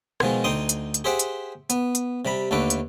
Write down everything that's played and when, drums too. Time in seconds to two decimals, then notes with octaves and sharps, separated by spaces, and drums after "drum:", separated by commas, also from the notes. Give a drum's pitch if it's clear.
0.20 B2 D#3 F3 G#3, drum: rim click
0.44 D2 D#4 G5 C6 D#6
0.69 drum: hi-hat
0.94 drum: hi-hat
1.04 G4 G#4 C5 E5 F#5 G5
1.19 drum: hi-hat
1.70 B3, drum: hi-hat
1.95 drum: hi-hat
2.25 C3 G3 B5
2.51 D#2 D3 A3 B4 D6
2.70 drum: hi-hat